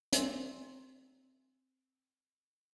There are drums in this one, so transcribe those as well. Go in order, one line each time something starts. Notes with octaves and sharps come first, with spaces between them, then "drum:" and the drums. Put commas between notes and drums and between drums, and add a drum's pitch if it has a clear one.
C4 C5 D5 E5 G#5 A#5, drum: hi-hat